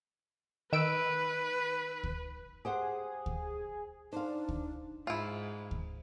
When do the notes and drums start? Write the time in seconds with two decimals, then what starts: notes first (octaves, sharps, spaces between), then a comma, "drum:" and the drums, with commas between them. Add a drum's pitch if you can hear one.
0.73 D#3 B4 E6 D7
2.03 drum: kick D2
2.65 G4 G#4 C5 F#5
3.26 drum: kick D2
4.13 D4 D#4 C5 F5
4.49 drum: kick D2
5.07 G#2 E4 F4
5.71 drum: kick D2